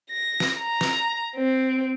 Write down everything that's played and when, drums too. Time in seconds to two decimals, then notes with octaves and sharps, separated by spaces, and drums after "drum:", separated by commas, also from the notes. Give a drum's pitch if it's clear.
0.10 A#6
0.40 drum: snare
0.59 A#5
0.81 drum: snare
1.36 C4